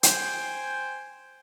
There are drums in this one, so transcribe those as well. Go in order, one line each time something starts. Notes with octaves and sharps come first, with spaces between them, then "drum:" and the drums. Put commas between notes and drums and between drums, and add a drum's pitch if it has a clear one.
C5 G5 G#5, drum: hi-hat